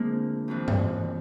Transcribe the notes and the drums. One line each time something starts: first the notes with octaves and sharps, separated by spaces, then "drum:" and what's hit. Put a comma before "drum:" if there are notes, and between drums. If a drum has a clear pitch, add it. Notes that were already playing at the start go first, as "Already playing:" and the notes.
Already playing: D2 D3 F3 G#3 A#3 C4 D4 F4
F2 C3 E3
drum: tom G2